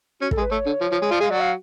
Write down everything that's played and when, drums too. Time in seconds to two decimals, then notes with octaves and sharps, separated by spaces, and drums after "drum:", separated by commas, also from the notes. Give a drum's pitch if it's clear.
0.22 C#4 F#4
0.31 A4, drum: kick
0.37 G#3
0.42 B4
0.51 A3 C#5
0.66 D3
0.81 F3
0.91 F3
1.02 G#3
1.11 F3 F4 D5
1.20 G#3 G#4 F5
1.31 F#3 F#4 D5
1.40 F5